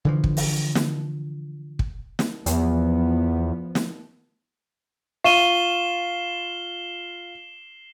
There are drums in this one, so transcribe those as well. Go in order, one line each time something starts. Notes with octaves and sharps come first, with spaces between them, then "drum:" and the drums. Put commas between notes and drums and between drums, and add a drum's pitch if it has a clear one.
D3 E3 F3
drum: kick
drum: open hi-hat
drum: snare
drum: kick
drum: snare
E2 F3 B3, drum: hi-hat
drum: snare
F4 C#6 C7 D#7 E7 G7